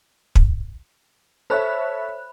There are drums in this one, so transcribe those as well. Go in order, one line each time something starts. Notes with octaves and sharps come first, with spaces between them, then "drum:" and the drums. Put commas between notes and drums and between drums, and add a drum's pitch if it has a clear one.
drum: kick
A4 C5 C#5 E5 B5 F#6